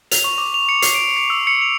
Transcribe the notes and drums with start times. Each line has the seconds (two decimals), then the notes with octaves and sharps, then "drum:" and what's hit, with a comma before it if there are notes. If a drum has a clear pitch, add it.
0.11 F7, drum: hi-hat
0.24 C#6
0.38 D6
0.54 F7
0.69 C#7
0.82 C7, drum: hi-hat
0.95 D7
1.16 C7
1.30 E6
1.47 C#7
1.62 F7